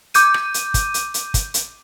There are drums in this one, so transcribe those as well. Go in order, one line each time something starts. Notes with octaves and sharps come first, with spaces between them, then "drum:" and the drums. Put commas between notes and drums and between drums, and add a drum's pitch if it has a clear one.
D6 G6 D#7, drum: hi-hat
drum: rim click
drum: hi-hat
drum: kick, hi-hat
drum: hi-hat
drum: hi-hat
drum: kick, hi-hat
drum: hi-hat